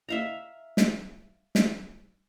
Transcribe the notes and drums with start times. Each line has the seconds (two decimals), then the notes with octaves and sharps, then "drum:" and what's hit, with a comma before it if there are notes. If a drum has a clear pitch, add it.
0.09 E5 F5 A#5
0.77 drum: snare
1.55 drum: snare